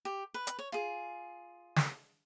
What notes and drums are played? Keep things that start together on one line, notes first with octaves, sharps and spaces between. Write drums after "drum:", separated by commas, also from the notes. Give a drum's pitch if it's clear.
G4
B4
drum: hi-hat
C#5
F4 G#4
drum: snare